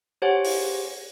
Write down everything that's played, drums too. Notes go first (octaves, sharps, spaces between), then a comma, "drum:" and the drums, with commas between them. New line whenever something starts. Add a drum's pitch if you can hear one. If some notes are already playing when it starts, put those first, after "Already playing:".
G4 C5 C#5 F#5 G#5
drum: open hi-hat